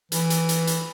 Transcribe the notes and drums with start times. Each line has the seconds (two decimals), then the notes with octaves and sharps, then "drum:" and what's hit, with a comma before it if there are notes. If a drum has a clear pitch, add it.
0.12 E3, drum: hi-hat
0.30 drum: hi-hat
0.49 drum: hi-hat
0.67 drum: hi-hat